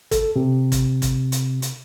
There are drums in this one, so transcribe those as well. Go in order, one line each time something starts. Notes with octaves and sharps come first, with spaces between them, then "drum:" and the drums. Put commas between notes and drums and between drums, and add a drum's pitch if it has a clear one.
A4, drum: kick, hi-hat
C3
drum: kick, hi-hat
drum: kick, hi-hat
drum: hi-hat
drum: hi-hat